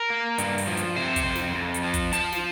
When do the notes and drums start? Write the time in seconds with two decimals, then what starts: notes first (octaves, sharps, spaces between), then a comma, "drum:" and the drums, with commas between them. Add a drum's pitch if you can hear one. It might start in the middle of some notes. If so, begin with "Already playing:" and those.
Already playing: A#4
0.10 A#3
0.38 G2, drum: hi-hat
0.58 drum: open hi-hat
0.67 F3
0.77 drum: hi-hat
0.96 C3 C5
1.16 drum: kick, hi-hat
1.25 F2
1.35 drum: snare
1.55 F2
1.74 drum: hi-hat
1.83 F3
1.94 drum: kick, hi-hat
2.13 F3 A5, drum: hi-hat
2.32 drum: snare